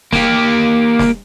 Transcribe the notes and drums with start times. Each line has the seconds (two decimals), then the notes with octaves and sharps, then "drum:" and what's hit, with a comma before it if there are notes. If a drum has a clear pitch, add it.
0.12 A#3 G4, drum: snare
0.99 drum: snare